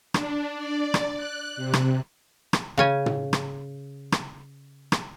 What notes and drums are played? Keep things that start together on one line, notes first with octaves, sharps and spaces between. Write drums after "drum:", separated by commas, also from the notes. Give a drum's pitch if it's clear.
D4, drum: rim click
D5
drum: rim click
F#6
C3
drum: rim click
drum: rim click
C#3 C#4 G#5
drum: tom
drum: rim click
drum: rim click
drum: rim click